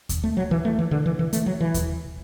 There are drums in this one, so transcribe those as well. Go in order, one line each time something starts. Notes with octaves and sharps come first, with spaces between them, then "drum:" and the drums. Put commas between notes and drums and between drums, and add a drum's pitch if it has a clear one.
drum: kick D#2, hi-hat
A3
F#3
E3
A3
E3
D3
E3
E3
A3, drum: hi-hat
F#3
E3
drum: kick D#2, hi-hat